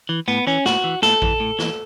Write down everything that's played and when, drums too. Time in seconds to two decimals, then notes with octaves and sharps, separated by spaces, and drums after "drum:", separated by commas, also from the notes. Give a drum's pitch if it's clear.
0.09 E3
0.28 A2 B3
0.47 E3 C#4
0.65 A2 F#4, drum: snare
0.84 E3
1.02 A2 A4, drum: snare
1.22 E3, drum: kick A1
1.40 A2
1.59 E3, drum: snare